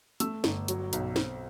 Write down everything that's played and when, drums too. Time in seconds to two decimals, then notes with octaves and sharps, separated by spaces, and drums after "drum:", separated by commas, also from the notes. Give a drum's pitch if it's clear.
0.20 A3 E6, drum: hi-hat
0.44 G1, drum: snare
0.68 F#3, drum: hi-hat
0.93 B1, drum: hi-hat
1.16 C4, drum: snare